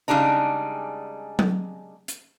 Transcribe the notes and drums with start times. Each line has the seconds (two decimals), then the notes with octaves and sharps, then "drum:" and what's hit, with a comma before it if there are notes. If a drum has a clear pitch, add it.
0.08 C#3 G3 G#3 D4 D#4
1.39 drum: tom F#3
2.08 drum: hi-hat